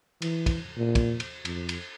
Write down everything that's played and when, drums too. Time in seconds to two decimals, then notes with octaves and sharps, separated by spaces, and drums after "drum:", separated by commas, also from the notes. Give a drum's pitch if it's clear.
0.22 E3, drum: cymbal
0.46 drum: kick, cymbal
0.77 A#2
0.95 drum: kick, cymbal
1.20 drum: cymbal
1.45 F2, drum: cymbal
1.69 drum: cymbal